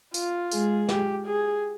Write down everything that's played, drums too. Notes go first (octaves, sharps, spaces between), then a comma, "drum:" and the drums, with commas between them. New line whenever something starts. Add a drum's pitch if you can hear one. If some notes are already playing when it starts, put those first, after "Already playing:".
F4, drum: tambourine
G#3 G#4, drum: tambourine
G4, drum: snare
G#4